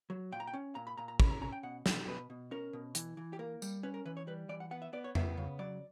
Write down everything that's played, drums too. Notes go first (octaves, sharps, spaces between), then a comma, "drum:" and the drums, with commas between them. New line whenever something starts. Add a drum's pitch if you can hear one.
F#3
A#2 G5
A#5
G5
C#4
A#2 A#5
B5
A#2 A#5
A#5
C#4 B5, drum: kick
A#5
C#4 A#5
G5
B2 F#5
B2, drum: snare
B2 B4
B2
C#4 A#4
B2
E3, drum: hi-hat
E3
G4
A#3 A#4
G3, drum: tambourine
C#4 B4
A#4
E3 B4
C#5
G3 B4
E3 D5
F#5
B3 F#5
E5
B3 D5
C#5
B3 E5, drum: tom F2
C#3
F#3 D5